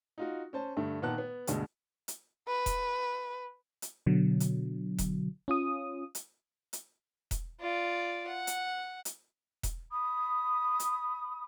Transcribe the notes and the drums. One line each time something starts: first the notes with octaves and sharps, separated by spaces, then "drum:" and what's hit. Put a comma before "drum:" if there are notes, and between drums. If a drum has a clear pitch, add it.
D#4 F4 F#4
C#4 C5 A5
G2 D3 A3
A#2 D#3 B3 F#5 A5 F#6
B3
D2 G2 B2 G#3, drum: hi-hat
drum: hi-hat
B4
drum: kick E1, hi-hat
drum: hi-hat
B2 D3 F#3
drum: hi-hat
drum: kick E1, hi-hat
C#4 F4 D#6
drum: hi-hat
drum: hi-hat
drum: kick E1, hi-hat
F4 D5
F#5
drum: hi-hat
drum: hi-hat
drum: kick E1, hi-hat
B5 D#6
drum: hi-hat